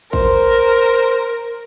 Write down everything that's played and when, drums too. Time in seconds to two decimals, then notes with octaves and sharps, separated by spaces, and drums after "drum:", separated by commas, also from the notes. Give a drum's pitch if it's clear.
0.13 A#4 C5, drum: kick A1